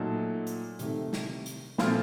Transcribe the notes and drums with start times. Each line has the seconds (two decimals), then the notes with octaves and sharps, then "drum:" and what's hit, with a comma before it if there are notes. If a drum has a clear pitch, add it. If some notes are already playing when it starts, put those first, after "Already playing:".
Already playing: A#2 F#3 A3 D#4 A4
0.47 drum: hi-hat
0.79 C3 D#3 A3, drum: hi-hat
1.13 drum: snare
1.46 drum: hi-hat
1.78 A#2 F3 A3 C4 F4, drum: snare